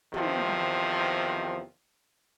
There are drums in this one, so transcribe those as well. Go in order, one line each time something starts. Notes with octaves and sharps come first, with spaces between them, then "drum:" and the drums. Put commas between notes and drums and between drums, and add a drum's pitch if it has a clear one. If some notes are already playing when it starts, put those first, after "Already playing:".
E2 C3 D#3 F3, drum: tom